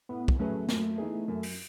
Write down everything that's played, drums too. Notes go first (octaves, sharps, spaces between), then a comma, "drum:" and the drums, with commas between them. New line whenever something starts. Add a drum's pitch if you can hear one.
A2 B3
drum: kick
F#3 A3 C#4 G#4 B4
F#2, drum: snare
E3 B3 D#4 G#4
F#2
drum: open hi-hat